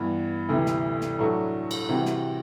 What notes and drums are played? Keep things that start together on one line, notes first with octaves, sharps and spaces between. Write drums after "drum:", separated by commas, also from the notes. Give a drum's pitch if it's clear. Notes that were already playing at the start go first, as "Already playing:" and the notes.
Already playing: G2 E3 B3
D2 C3 E3
drum: snare
drum: snare
A2 F#3 A3 D4 F#4
drum: cymbal
C3 E3 G3 C4 F#4
drum: snare